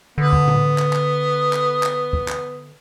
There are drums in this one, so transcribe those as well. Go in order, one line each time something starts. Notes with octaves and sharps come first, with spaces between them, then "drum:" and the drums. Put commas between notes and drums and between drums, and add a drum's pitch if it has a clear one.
D3 B3
drum: kick
drum: tom A2
drum: clap
drum: clap
drum: clap
drum: clap
drum: kick
drum: clap